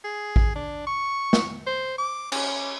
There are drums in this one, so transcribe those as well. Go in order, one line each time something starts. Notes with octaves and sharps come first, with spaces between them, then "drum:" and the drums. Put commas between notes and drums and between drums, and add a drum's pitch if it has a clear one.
G#4
drum: kick A1
D4
C#6
drum: snare
C5
D6
C#4, drum: cymbal